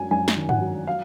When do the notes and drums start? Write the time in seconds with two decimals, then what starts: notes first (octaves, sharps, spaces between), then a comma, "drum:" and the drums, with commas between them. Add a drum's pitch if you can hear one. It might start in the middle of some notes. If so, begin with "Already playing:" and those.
Already playing: F#2 F#3 G#5
0.11 F#2 G#5
0.28 drum: snare
0.37 D#3
0.49 F#5, drum: tom
0.61 F#3
0.86 F#3 F5